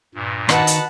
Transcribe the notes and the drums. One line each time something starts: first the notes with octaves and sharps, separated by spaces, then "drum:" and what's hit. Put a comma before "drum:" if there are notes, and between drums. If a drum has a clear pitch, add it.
G2 A#2
D#3 F#4 B4 D#5 F#5 A5, drum: rim click
drum: hi-hat